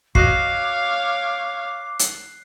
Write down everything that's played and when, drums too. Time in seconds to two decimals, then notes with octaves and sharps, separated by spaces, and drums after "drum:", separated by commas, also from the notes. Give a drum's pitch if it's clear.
0.15 F#4 C#5 D#5 F5 D6 F#6 C7, drum: kick
1.99 drum: hi-hat